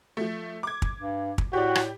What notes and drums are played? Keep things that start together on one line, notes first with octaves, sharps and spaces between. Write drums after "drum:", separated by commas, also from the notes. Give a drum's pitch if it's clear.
F3 A3
D6 G#6
drum: kick
G2
drum: kick
A2 F#4 G4 D5
drum: rim click